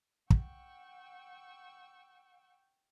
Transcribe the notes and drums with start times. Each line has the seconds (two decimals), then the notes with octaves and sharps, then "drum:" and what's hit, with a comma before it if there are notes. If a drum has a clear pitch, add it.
0.30 F#5 G5 C#6 E6, drum: kick